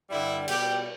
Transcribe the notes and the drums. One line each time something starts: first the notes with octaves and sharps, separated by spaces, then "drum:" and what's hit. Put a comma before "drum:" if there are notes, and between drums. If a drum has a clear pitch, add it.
G2 D3 G3 E4
B2 G3 G4, drum: cymbal